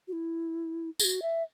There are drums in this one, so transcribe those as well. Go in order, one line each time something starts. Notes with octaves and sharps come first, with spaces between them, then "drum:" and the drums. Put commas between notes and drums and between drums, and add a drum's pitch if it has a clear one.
F#4
E4
G#4, drum: tambourine
F#4
E5